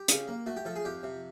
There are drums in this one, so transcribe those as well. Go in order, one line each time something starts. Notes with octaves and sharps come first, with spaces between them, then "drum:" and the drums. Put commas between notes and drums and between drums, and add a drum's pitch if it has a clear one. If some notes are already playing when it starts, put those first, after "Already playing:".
Already playing: G4
C#3, drum: hi-hat
A#3
A3 F#4
G4
F3 A4
G#4
F2 G4
C3